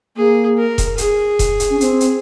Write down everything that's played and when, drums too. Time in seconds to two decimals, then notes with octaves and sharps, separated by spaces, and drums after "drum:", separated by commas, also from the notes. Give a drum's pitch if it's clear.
0.16 A#3 G#4
0.58 A#4
0.78 drum: kick E1, hi-hat
0.98 G#4, drum: hi-hat
1.39 drum: kick E1, hi-hat
1.60 drum: hi-hat
1.70 C#4
1.81 C4, drum: hi-hat
2.01 drum: hi-hat